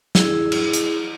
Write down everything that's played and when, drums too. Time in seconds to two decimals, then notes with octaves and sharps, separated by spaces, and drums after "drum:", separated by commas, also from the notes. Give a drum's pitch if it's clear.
0.15 E4 G#4, drum: snare
0.52 drum: cymbal
0.73 drum: hi-hat